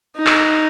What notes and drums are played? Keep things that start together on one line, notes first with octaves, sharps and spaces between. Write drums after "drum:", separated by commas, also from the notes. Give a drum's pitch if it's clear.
D#4
drum: clap